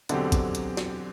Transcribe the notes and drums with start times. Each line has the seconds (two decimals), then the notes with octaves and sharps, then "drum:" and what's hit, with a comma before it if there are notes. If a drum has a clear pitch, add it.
0.09 E2 B2 D3 F#3 C4 G4, drum: hi-hat
0.32 drum: kick A1, hi-hat
0.55 drum: hi-hat
0.77 drum: snare